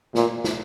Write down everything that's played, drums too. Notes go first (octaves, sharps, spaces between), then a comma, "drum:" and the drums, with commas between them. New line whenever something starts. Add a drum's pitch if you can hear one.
A#2, drum: snare
drum: snare